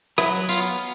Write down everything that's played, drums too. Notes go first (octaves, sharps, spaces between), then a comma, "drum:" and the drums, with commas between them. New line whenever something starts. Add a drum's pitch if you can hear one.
F#3 E4, drum: rim click
B3 F4, drum: tambourine